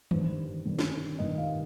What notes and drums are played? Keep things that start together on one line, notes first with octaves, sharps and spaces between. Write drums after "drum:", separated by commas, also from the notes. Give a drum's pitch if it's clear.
G1 G2 D#3 C5, drum: tom D#3
G1 G2 D#3
drum: snare
G1 G2 D#3 D#5
F5